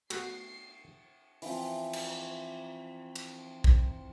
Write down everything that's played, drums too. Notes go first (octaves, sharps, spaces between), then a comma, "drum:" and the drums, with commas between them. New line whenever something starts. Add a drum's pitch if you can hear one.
A3 B3 F#4 C7, drum: cymbal
E3 F3 C4, drum: open hi-hat
drum: cymbal
drum: cymbal
drum: kick